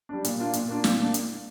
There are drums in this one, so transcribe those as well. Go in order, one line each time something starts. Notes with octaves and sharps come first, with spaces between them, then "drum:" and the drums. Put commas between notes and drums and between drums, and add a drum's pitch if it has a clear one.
G3 D4
A#2, drum: hi-hat
A#3 D4 F4
A#2, drum: hi-hat
A#3 D4 F4
A#2, drum: snare
A#3 D4
drum: hi-hat